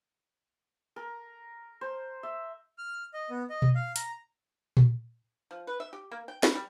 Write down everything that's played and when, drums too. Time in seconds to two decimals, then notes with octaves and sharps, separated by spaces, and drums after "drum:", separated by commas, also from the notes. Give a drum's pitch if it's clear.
0.96 A#4
1.81 C5
2.23 E5
2.78 F6
3.14 D#5
3.30 B3
3.50 D#5
3.62 drum: tom B2
3.75 F5
3.96 A#5, drum: hi-hat
4.77 drum: tom A#2
5.51 F3
5.67 B4
5.80 E5
5.93 G4
6.11 A#3
6.28 G5
6.43 B5, drum: snare
6.55 G3